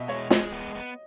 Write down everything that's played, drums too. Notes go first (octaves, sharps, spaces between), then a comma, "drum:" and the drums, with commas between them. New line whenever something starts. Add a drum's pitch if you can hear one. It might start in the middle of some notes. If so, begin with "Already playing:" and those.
Already playing: B2 D#5 E5
G#3 C#5
G#3 D#5, drum: snare
B3
B3